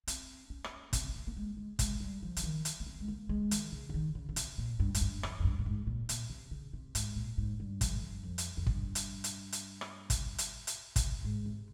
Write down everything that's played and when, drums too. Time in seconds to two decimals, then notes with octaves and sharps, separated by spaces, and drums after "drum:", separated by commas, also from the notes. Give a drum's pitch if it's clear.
0.08 C4, drum: hi-hat
0.50 C#4
0.64 drum: rim click
0.93 C4, drum: kick, hi-hat
1.04 C4
1.14 A#3
1.27 A#3
1.37 G#3
1.57 G#3
1.79 G#3, drum: kick, hi-hat
2.00 G3
2.23 F3
2.37 C#3, drum: hi-hat
2.43 D#3
2.65 drum: hi-hat
2.80 A#3
2.86 C4
3.00 G#3
3.08 A#3
3.29 G#3
3.51 D#3, drum: hi-hat
3.72 C#3
3.89 C#3
3.94 D#3
4.15 C#3
4.29 C#3
4.36 C3, drum: hi-hat
4.58 A#2
4.80 G2
4.95 G#2, drum: hi-hat
5.01 G2
5.23 F2, drum: rim click
5.40 F2
5.44 G2
5.59 A#2
5.66 G#2
5.87 A#2
6.09 A#2, drum: hi-hat
6.30 C3
6.51 C#3
6.73 C3
6.95 G#2, drum: hi-hat
7.16 A#2
7.38 G#2
7.60 G2
7.81 F2, drum: kick, hi-hat
7.93 G#2
8.02 G2
8.23 F2
8.38 drum: hi-hat
8.57 F2
8.67 G2, drum: kick
8.95 drum: hi-hat
9.24 drum: hi-hat
9.52 drum: hi-hat
9.81 drum: rim click
10.10 drum: kick, hi-hat
10.38 drum: hi-hat
10.67 drum: hi-hat
10.96 drum: kick, hi-hat
11.24 G#2
11.46 C3